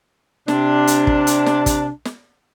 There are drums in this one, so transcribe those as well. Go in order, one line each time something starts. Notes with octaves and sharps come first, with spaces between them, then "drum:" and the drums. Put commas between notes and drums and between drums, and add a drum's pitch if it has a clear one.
C3 D4, drum: snare
drum: hi-hat
drum: kick
drum: hi-hat
drum: snare
drum: kick, hi-hat
drum: snare